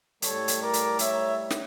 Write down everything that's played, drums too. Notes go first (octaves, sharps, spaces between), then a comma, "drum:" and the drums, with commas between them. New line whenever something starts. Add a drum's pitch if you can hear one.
A2 G3 A4 C#5, drum: hi-hat
drum: hi-hat
A#4 D5
drum: hi-hat
C#5 E5, drum: hi-hat
drum: snare